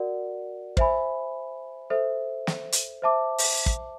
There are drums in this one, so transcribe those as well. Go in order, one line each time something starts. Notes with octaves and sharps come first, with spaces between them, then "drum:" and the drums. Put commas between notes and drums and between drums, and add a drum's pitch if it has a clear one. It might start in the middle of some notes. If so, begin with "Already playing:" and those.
Already playing: F#4 A#4 D5 F#5
C5 E5 G#5 B5, drum: kick
A4 C5 E5
drum: snare
drum: hi-hat
C5 E5 A5 D6
drum: open hi-hat
drum: kick